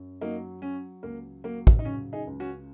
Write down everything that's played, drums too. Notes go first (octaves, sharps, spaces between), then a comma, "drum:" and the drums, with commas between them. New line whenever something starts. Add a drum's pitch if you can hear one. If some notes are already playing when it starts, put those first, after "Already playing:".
Already playing: F#2
F#3 A#3 D#4
F#3 C#4
C#2 A#3
F#3 A#3
drum: kick
D#4
C#3 C#4
D#4 G#4
C#2
C#4 F#4